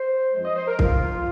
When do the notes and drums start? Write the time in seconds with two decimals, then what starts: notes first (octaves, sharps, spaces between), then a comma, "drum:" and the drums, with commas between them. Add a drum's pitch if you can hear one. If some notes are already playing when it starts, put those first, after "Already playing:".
Already playing: C5
0.33 F2 F3 G#3 C5
0.44 D#5
0.56 C5
0.68 A#4
0.79 F2 F3 G#3 F4, drum: kick C2